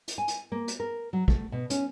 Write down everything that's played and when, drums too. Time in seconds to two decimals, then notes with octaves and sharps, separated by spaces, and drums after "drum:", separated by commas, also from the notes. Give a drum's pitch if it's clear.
0.08 drum: hi-hat
0.18 G#5
0.28 drum: hi-hat
0.52 A#3
0.68 drum: hi-hat
0.80 A#4
1.13 F#3
1.28 A3, drum: kick
1.52 B2
1.70 C#4, drum: hi-hat